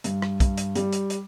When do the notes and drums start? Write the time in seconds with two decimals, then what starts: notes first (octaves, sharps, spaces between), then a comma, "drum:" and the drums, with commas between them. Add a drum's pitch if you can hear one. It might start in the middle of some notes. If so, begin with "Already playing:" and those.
0.04 G2, drum: hi-hat
0.22 drum: rim click
0.40 G2, drum: kick, hi-hat
0.57 drum: hi-hat
0.75 G3, drum: hi-hat
0.93 drum: hi-hat
1.10 drum: hi-hat